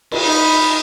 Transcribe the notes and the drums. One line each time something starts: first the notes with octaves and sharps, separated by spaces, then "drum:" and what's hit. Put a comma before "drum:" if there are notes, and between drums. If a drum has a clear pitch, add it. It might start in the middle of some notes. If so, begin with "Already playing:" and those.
drum: cymbal
D#4 B5